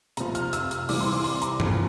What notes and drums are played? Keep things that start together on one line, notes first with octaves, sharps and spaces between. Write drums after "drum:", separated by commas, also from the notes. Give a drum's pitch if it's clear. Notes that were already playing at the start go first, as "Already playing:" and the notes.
C3 F3 A#5, drum: hi-hat
F6, drum: hi-hat
E6, drum: hi-hat
F6, drum: hi-hat
C3 E3 G3 D6, drum: open hi-hat
C6
D6
C6, drum: open hi-hat
A#5, drum: hi-hat
A#2 F3, drum: tom G2